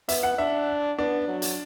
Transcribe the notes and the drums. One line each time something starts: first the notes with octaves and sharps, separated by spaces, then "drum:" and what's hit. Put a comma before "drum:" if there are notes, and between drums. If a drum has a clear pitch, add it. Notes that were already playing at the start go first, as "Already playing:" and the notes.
B3 E5, drum: hi-hat
F#5
D4 E5
B3 D4
F#3
drum: hi-hat